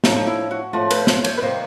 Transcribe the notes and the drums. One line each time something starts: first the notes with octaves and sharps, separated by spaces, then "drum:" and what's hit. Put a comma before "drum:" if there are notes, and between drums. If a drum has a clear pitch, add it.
A2 F3 A3 D4 D#4, drum: snare
D#4
E4
F#4
A2 F3 A3 D4 F4
B4, drum: cymbal
C5, drum: snare
C#5, drum: cymbal
B4
C3 D#3 G3 A#3 C5